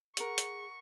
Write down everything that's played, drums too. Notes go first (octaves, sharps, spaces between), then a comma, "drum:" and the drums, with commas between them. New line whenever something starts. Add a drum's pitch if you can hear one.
G#4 A#4 F#5 C#6, drum: hi-hat
drum: hi-hat